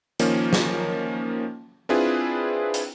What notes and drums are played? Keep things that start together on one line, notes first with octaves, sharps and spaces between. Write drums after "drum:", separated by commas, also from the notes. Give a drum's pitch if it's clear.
D#3 F3 A#3 C#4, drum: hi-hat
drum: snare
C4 D4 E4 F4 G#4 B4
drum: hi-hat